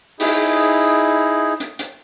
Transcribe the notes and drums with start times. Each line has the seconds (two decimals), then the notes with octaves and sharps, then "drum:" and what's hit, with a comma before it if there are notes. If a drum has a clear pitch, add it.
0.20 D#4 E4 G#4, drum: open hi-hat
1.60 drum: hi-hat
1.79 drum: hi-hat